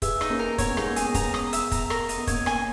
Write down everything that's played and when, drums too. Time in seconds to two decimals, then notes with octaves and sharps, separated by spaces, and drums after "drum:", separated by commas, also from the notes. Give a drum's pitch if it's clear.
0.02 G#4 B4 E5, drum: kick, hi-hat
0.21 D#4, drum: rim click
0.30 A#3 C#4
0.39 A#4
0.58 B3 C#5, drum: kick, hi-hat
0.68 C#4
0.77 G#3 B3 D#4, drum: rim click
0.87 A#3
0.96 G#4, drum: hi-hat
1.14 G#3 B3 A#5, drum: kick, hi-hat
1.34 D#6, drum: rim click
1.53 E5, drum: hi-hat
1.72 A#5, drum: kick, hi-hat
1.90 A#4, drum: rim click
2.09 D#5, drum: hi-hat
2.17 B3
2.27 A#3 C#5, drum: kick, hi-hat
2.46 A#3 G#5, drum: rim click